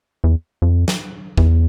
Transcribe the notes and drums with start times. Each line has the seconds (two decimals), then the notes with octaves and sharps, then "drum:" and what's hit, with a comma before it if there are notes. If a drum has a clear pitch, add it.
0.24 E2
0.62 F2
0.88 drum: snare
1.38 E2, drum: kick